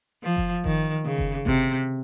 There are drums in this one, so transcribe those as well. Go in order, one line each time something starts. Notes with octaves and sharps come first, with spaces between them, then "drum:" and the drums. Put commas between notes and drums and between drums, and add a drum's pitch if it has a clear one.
F3
drum: kick F#1
D#3, drum: kick F#1
C#3
drum: kick F#1
C3, drum: kick F#1